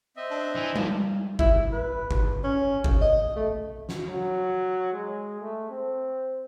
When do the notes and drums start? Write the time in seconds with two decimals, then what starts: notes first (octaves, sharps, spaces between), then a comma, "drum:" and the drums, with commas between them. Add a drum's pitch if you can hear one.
0.17 C4 D#5 E5
0.31 D4
0.55 E3
0.76 F#2 F3, drum: tom G3
1.39 E4, drum: kick G1
1.73 B4
2.11 drum: kick G1
2.44 C#4
2.84 drum: kick G1
3.01 D#5
3.36 A3
3.89 drum: snare
4.07 F#3
4.92 G#3
5.41 A3
5.70 C4